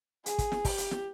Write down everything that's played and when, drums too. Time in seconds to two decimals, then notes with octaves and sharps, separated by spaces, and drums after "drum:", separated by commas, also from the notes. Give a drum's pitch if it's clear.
0.26 G#4, drum: hi-hat
0.38 drum: kick, hi-hat
0.52 drum: snare
0.65 G4, drum: kick, open hi-hat
0.78 drum: hi-hat
0.91 drum: snare